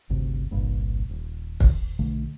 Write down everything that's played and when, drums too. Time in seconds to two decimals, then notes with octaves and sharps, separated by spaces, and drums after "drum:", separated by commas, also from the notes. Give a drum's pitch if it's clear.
0.10 G1 D2 C3
0.51 G1 C2 G2 A#2
1.09 D#1
1.60 drum: kick
1.99 B1 D3 A3